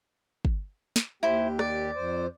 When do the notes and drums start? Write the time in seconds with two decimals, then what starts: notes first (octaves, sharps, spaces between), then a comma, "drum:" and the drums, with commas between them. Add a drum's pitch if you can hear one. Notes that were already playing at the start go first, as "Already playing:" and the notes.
0.45 drum: kick
0.96 drum: snare
1.23 D#2 E4 G4 C5
1.59 D5, drum: rim click
1.95 F2 C5